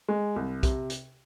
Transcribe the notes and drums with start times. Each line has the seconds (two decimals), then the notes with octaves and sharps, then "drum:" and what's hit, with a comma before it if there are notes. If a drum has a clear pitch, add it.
0.08 G#3
0.36 C2
0.63 C3, drum: kick B1, hi-hat
0.90 drum: hi-hat